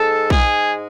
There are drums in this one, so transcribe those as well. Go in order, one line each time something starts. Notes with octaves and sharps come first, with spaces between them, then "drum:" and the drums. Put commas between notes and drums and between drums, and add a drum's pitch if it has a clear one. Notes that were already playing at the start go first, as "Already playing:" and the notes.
Already playing: G#2 G#3 A4
G#4, drum: kick